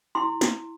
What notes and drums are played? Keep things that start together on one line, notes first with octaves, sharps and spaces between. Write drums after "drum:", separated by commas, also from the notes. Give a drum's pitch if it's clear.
E4 C6
drum: snare